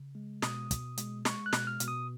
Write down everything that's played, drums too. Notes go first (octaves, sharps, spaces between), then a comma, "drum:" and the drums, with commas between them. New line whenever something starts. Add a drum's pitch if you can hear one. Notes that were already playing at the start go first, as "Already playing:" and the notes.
Already playing: C#3
G#3
B2 D#6, drum: snare
B2, drum: kick, hi-hat
G#3, drum: hi-hat
G#3 C#6, drum: snare
F#6
B2, drum: snare
F6
B2, drum: hi-hat
D#6